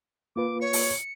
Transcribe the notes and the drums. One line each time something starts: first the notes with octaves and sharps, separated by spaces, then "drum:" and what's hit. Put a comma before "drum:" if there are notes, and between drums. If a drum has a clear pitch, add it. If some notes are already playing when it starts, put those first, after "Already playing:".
A#3 F4 B4 D6
C#5 C#7
drum: open hi-hat